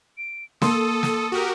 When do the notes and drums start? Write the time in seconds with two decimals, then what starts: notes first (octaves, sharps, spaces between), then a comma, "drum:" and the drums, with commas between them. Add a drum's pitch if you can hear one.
0.18 D7
0.62 A#3 A4 C6 D#6, drum: snare
1.03 drum: snare
1.32 F#4 G4 A#4